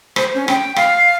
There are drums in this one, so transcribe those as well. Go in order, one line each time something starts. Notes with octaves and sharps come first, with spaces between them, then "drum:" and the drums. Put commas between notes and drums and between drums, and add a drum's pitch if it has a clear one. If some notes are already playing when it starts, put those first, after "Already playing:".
C5, drum: rim click
C#4
G5, drum: rim click
F5, drum: rim click